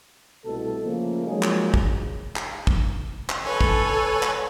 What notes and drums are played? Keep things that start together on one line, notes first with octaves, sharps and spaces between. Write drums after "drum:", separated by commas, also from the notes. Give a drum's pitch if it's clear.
C2 B2 A3 A4
C#3 F3 A3 A#3
F3 F#3 G#3 A#3 D#4 G#4
drum: clap
drum: kick
drum: clap
drum: kick
drum: clap
A4 B4 C#5 G#5
drum: kick
drum: clap